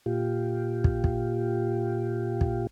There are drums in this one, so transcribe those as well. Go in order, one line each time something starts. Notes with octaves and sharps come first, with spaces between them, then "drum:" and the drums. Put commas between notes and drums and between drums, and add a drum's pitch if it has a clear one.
A#2 F4 G4
drum: kick
drum: kick
drum: kick